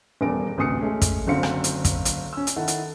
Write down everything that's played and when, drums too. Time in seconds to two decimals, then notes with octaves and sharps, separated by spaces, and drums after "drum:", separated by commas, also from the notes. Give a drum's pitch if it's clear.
0.21 D#1 E2 G3 A#4 D7
0.57 A1 D2 C3 D#6 C7 C#7
0.81 G#3 A3 C#4
1.02 drum: kick, hi-hat
1.27 F#1 D3 C4 F#4 F5 C#7
1.43 drum: rim click
1.64 drum: hi-hat
1.85 drum: kick, hi-hat
2.05 drum: hi-hat
2.33 C#4 E6
2.47 drum: hi-hat
2.56 D#3 E4 A4 F#5
2.68 drum: hi-hat